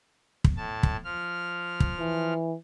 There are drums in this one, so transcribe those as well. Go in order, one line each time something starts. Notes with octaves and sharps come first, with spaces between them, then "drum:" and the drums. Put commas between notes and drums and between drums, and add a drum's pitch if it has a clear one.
drum: kick
A2 A5
drum: kick
F3 F6
drum: kick
E3